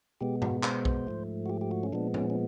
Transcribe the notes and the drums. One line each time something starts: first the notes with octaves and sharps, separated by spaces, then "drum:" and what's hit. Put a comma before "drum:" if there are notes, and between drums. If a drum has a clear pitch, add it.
B2 G#3 B3 G4
F#4, drum: tom G#2
C5, drum: clap
drum: kick B1
G#2 F3 A3
F#4
G4
G4
F#4
C#4
A#2 F3 G#3 B3 D4
C#4, drum: tom A2
C#4